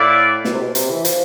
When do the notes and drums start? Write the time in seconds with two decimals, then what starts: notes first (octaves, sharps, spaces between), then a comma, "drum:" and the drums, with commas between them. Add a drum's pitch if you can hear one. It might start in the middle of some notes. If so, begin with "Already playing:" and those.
Already playing: A2 E4 B4 D5 F5
0.45 B2, drum: snare
0.53 C3
0.60 B2
0.75 C3, drum: hi-hat
0.90 E3
1.05 F3, drum: hi-hat